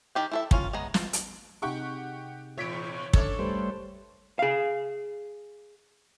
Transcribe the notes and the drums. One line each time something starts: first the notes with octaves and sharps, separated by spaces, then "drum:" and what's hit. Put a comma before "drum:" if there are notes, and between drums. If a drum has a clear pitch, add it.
D#3 G4 G5
E4 A4 E5
A#3 C#4 F4, drum: kick
G#3 B3 A#5
F4, drum: snare
drum: hi-hat
C3 D#4 G4 G#4 F#5 C#6
E2 A#2 C#5 E5 B6 D7
C#4 D4 A4 C#5 D5, drum: kick
G3 A3 B4 C5
G#4 F5